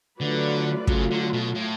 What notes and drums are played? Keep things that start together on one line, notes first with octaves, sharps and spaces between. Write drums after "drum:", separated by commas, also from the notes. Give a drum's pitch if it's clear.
D3 F#3 A3 F4 B4 D5
C#3 F#3 A3 F4, drum: kick
D3
B2
A2